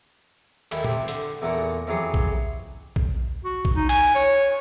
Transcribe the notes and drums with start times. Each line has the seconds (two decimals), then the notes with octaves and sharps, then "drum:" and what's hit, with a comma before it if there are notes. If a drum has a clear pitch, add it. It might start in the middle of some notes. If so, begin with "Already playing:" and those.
0.71 D#2 A3 E5 G#5 B5, drum: cymbal
0.84 C3 G4, drum: tom
1.08 D3, drum: hi-hat
1.42 E2 A#2 A3 F#4 A#4
1.87 F2 E3 F#3 G4 G#4 C#5
2.14 drum: kick A#1
2.96 drum: kick A#1
3.45 F#4
3.65 drum: kick A#1
3.76 D#4
3.89 G#5, drum: cymbal
4.15 C#5